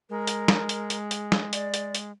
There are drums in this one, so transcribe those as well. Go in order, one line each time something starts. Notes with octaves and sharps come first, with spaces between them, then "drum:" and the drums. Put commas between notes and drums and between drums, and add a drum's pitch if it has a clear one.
G#3 A#4
drum: hi-hat
drum: snare
drum: hi-hat
drum: hi-hat
drum: hi-hat
drum: snare
D5, drum: hi-hat
drum: hi-hat
drum: hi-hat